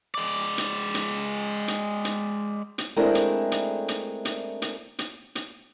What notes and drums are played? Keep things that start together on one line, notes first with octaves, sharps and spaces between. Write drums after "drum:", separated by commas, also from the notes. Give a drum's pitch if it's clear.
G#3 D5
drum: hi-hat
drum: hi-hat
drum: hi-hat
drum: hi-hat
drum: hi-hat
G#3 A3 C4 D4 E4 A#4
drum: hi-hat
drum: hi-hat
drum: hi-hat
drum: hi-hat
drum: hi-hat
drum: hi-hat
drum: hi-hat